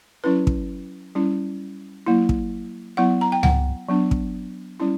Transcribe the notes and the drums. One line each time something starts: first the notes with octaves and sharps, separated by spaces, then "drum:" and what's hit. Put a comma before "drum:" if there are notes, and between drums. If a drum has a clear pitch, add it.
F#3 C#4 E4 B4
drum: kick
G3 C#4 E4
F#3 A#3 E4
drum: kick
F#3 B3 E4 F#5
A#5
G5
F#5, drum: tom C#2
F#3 B3 D4
drum: kick
G3 C#4 E4